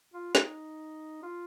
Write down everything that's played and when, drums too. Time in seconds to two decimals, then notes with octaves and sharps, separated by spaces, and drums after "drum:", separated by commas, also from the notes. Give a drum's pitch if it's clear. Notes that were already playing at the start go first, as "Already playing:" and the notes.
0.13 F4
0.35 D#4, drum: snare
1.23 F4